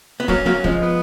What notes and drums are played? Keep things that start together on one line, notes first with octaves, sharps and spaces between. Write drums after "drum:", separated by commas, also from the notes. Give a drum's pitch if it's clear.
B3
F#3 A#3 C#4, drum: kick
F#3 A#3
F3 G#3, drum: kick
B3